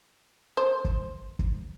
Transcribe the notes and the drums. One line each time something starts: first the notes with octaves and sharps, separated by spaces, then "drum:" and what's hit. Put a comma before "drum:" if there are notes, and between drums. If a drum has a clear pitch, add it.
C5
drum: kick
drum: kick